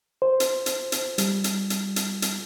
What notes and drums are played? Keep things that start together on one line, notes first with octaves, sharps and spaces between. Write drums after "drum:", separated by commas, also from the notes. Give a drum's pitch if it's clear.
C5
drum: hi-hat
drum: hi-hat
drum: hi-hat
G3, drum: hi-hat
drum: hi-hat
drum: hi-hat
drum: hi-hat
drum: hi-hat